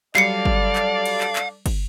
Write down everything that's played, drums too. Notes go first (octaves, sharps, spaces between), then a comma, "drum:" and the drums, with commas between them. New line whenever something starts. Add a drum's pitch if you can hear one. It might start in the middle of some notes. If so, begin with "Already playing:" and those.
F#3 G3 D4 A4 D5 F5 C7 C#7, drum: clap
drum: kick
drum: clap
drum: cymbal
drum: clap
drum: clap
drum: kick, cymbal